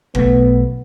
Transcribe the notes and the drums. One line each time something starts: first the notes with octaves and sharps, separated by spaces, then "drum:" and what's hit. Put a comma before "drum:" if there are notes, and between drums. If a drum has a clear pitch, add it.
B1 A3 B3, drum: kick G1